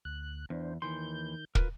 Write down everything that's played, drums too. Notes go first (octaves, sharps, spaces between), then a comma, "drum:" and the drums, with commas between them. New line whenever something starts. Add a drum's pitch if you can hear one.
D2 F#6
E2 D4 C5
D#2 D#3 E3 C6 G6
F4 A#4 B4, drum: kick